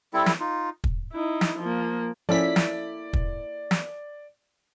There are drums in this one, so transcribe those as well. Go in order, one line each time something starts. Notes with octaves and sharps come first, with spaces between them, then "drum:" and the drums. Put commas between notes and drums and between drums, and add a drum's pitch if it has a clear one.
G3 C4 E4 A4
drum: snare
D#4 F4
drum: kick
D#4 E4
drum: snare
F3 A#3
F3 A#3 C#4 E4 A4 D5 B6
drum: snare
drum: kick
drum: snare